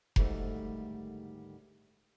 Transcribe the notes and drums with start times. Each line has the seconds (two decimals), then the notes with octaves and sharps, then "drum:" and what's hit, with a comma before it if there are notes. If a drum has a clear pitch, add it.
0.16 D2 G#2 D#3 G3 A3 D#4, drum: kick F1